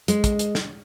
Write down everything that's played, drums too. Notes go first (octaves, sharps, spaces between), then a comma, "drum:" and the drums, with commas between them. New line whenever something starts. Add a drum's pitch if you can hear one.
G#3, drum: hi-hat
drum: kick, hi-hat
drum: hi-hat
drum: snare